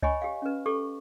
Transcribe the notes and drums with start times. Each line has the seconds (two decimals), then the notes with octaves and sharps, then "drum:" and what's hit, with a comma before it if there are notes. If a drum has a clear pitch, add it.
0.03 C#5 D#5 G5 G#5 B5 C#6, drum: kick C#2
0.22 G4 F5
0.42 C#4 B4
0.66 G4 A4 C#6